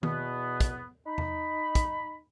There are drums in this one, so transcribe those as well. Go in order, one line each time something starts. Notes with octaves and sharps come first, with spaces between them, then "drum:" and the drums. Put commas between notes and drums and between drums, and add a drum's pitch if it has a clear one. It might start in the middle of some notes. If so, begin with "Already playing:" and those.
E2 B2 B3, drum: tom D#3
drum: kick, hi-hat
D#4 B5
drum: tom E2
drum: kick, hi-hat